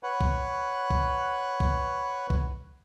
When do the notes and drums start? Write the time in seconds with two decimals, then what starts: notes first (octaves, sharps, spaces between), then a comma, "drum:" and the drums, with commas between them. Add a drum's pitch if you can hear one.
0.03 B4 C#5 F#5
0.21 drum: kick
0.90 drum: kick
1.60 drum: kick
2.30 drum: kick